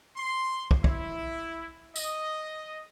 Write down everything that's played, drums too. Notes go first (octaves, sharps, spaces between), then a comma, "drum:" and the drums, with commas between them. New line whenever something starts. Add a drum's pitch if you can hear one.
C6
drum: kick
E4, drum: kick
D#5, drum: tambourine